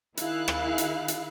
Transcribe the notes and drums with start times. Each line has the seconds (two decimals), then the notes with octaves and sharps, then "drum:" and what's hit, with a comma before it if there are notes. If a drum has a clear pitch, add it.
0.17 D#3 E4 G#4 F5 F#6, drum: hi-hat
0.48 drum: rim click
0.78 drum: hi-hat
1.08 drum: hi-hat